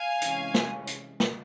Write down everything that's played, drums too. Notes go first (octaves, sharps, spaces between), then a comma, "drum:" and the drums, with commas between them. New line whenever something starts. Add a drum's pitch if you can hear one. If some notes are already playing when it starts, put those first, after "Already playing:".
Already playing: F5 G#5
C3 E3 G#3 C#4, drum: hi-hat
drum: snare
drum: hi-hat
drum: snare